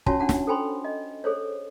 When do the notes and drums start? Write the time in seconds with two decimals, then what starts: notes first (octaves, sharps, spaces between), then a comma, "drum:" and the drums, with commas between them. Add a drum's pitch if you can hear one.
0.06 C#4 F4 F#4 C#5 G#5 A5, drum: kick
0.20 C#4 D4 F#5 A5
0.29 drum: snare
0.47 A4 C5 G5 G#5 B5 C6
0.84 D#5
1.24 G#4 A4 C5 C#5